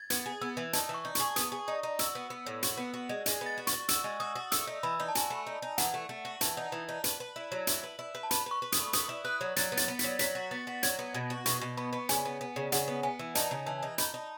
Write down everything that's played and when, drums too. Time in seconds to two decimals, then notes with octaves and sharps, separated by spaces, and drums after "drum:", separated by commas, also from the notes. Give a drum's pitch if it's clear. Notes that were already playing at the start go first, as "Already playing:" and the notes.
Already playing: G#6 A6
0.10 B3 G#6, drum: hi-hat
0.26 G#4
0.41 B3 E6
0.57 E3
0.73 D#4 A5, drum: hi-hat
0.89 E3
0.94 C#6
1.05 D#4
1.15 G#4 C#6, drum: hi-hat
1.36 B3 D#6, drum: hi-hat
1.52 G#4
1.68 D#4
1.83 D#4
1.99 F#4 E6, drum: hi-hat
2.15 B3
2.30 B3
2.46 A2
2.63 F#4, drum: hi-hat
2.78 B3
2.94 F#4
3.09 G#3
3.26 G#3, drum: hi-hat
3.41 B3
3.46 A6
3.58 F#4
3.67 C#6, drum: hi-hat
3.73 F#4
3.89 F#4 E6, drum: hi-hat
4.04 G#3
4.20 F#4 D#6
4.36 F#4
4.52 A3 E6, drum: hi-hat
4.67 D#4
4.83 E3 B5
5.00 D#4
5.08 A5
5.15 F#4 G#5, drum: hi-hat
5.30 A3
5.47 D#4
5.62 D#4
5.78 E3 F#5, drum: hi-hat
5.94 A3
6.09 A3
6.25 F#4
6.41 E3 A5, drum: hi-hat
6.57 D#4
6.72 E3
6.89 D#4
7.04 B4, drum: hi-hat
7.20 B4
7.36 E4
7.52 F#3
7.67 E4, drum: hi-hat
7.84 B4
7.99 E4
8.15 B4
8.23 A5
8.31 B4 B5, drum: hi-hat
8.46 B4
8.51 C#6
8.62 B4
8.72 D#6, drum: hi-hat
8.77 A3
8.93 B4 D#6, drum: hi-hat
9.09 E4
9.25 B4 F#6
9.41 F#3
9.56 F#3 A6, drum: hi-hat
9.72 B3
9.77 A6, drum: hi-hat
9.88 B3
9.99 B6, drum: hi-hat
10.04 F#3
10.19 F#3 B6, drum: hi-hat
10.35 F#4
10.51 B3 A6
10.67 F#4
10.83 F#3 G#6, drum: hi-hat
10.99 B3
11.14 B2
11.30 F#4
11.46 B2 C#6, drum: hi-hat
11.61 B2
11.77 B3 B5
11.93 B3
12.09 C#3 G#5, drum: hi-hat
12.25 B3
12.41 B3
12.56 C#3
12.72 C#3 F#5, drum: hi-hat
12.88 B3
13.03 B3 G#5
13.19 E3
13.35 D#4 A5, drum: hi-hat
13.51 C#3
13.66 E3 A5
13.83 D#4
13.98 D#4 B5, drum: hi-hat
14.14 D#4